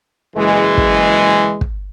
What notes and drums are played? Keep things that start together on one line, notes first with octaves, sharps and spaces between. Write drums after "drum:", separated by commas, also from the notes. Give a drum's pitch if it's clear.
F#1 E3 G#3
drum: kick
drum: kick